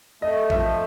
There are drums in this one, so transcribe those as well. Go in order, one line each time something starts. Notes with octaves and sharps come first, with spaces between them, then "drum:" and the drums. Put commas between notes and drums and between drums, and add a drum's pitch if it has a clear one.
A3 D#5
F3 E5, drum: kick